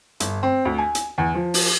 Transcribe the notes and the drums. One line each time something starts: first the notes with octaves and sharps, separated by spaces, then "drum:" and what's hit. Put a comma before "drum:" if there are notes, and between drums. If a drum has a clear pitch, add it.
G1, drum: hi-hat
C4
D2
G#5
drum: hi-hat
E2
F3
drum: open hi-hat